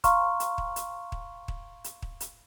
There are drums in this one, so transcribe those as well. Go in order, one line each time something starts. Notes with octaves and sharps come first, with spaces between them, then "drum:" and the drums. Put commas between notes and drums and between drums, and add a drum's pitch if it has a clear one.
F5 A#5 C6 C#6 F6, drum: kick, hi-hat
drum: hi-hat
drum: kick
drum: hi-hat
drum: kick
drum: kick
drum: hi-hat
drum: kick
drum: hi-hat